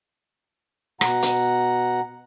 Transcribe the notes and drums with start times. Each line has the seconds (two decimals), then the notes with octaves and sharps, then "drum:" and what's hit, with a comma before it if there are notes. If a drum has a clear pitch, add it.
1.01 B2 F#5 A#5, drum: rim click
1.22 drum: hi-hat